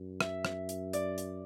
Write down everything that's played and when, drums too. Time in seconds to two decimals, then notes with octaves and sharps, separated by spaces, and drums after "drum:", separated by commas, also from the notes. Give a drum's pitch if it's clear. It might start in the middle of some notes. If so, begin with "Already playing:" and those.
Already playing: F#2
0.21 E5, drum: rim click
0.45 drum: rim click
0.69 drum: hi-hat
0.93 D5, drum: hi-hat
1.18 drum: hi-hat